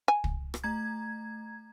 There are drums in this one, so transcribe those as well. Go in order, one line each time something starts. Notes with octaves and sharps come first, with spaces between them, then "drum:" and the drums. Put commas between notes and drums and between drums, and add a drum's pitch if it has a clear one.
G#5
drum: kick
drum: rim click
A3 A#5 G#6